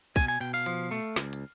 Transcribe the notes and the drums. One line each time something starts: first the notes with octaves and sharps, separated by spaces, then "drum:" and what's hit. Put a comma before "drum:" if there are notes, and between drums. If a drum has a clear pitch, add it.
B2 G#5, drum: kick, hi-hat
G#5
B2 G5
F5
F3, drum: hi-hat
A3
C#2, drum: snare
drum: hi-hat